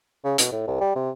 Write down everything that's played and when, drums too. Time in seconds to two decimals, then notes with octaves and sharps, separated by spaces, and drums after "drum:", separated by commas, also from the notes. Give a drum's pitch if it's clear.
0.24 C#3
0.38 B2, drum: hi-hat
0.52 A2
0.67 C2
0.80 G3
0.96 C3